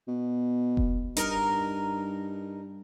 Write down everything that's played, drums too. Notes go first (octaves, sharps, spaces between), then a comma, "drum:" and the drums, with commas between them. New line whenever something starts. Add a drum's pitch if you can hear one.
B2
drum: kick F1
G2 D#4 A#4, drum: hi-hat